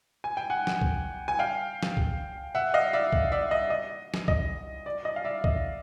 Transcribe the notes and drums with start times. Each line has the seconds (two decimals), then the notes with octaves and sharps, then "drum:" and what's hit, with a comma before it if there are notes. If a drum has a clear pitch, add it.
0.24 G#5
0.37 G5
0.50 F#5 G#5
0.67 drum: snare
0.81 drum: kick
1.28 G#5
1.39 F5 G5
1.83 drum: snare
1.97 drum: kick
2.55 E5 F#5
2.74 D#5 F5
2.93 D5 E5
3.13 drum: kick
3.32 D5 E5
3.51 D#5
3.70 D#5
4.14 drum: snare
4.28 D#5, drum: kick
4.86 D5
5.05 D#5
5.16 F5
5.25 D5 E5
5.44 D#5, drum: kick